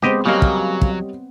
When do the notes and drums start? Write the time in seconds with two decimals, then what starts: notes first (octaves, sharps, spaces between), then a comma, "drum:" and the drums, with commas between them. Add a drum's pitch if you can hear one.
0.02 G#3 B3 C4 G4 C5 D#5
0.26 C#3 F#3 G3 A#3 C#5 D#5
0.42 drum: kick
0.82 drum: kick